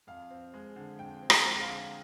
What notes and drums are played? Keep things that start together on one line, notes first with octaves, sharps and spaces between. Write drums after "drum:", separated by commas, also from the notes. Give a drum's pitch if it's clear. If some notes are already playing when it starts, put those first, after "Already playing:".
F2 F5
C4
G#3
D3
F2 G5
C4
G5, drum: rim click
G#3
F5
D3